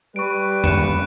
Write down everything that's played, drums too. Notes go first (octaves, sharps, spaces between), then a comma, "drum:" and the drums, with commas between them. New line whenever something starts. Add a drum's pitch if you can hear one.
G3 B4 C#6 D7
F#6 C#7 E7, drum: tom F2